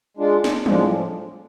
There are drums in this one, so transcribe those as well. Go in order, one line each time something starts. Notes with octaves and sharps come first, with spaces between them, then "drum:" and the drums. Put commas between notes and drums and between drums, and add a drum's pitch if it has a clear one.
G#3 D4 F4
drum: snare
A2 F3 G#3 D4, drum: tom